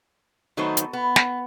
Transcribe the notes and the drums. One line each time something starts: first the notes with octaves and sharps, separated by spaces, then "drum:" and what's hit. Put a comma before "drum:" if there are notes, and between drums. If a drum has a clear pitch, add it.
D#3 F#3 A3 B3 D#4 C5
drum: hi-hat
B3
drum: snare